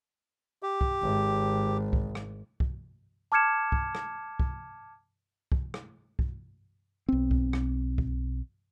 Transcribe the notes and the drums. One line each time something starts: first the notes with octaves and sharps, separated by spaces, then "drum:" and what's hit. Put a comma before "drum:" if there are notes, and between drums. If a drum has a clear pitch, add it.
G4
drum: kick
G#1
drum: kick
drum: rim click
drum: kick
A5 D6 F6 G#6 C#7 E7
drum: kick
drum: rim click
drum: kick
drum: kick
drum: rim click
drum: kick
B1 C4
drum: kick
drum: rim click
drum: kick